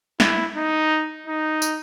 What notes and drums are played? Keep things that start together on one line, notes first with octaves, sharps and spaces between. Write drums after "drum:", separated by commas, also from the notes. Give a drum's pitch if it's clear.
E4, drum: snare
D#4
D#4
drum: tambourine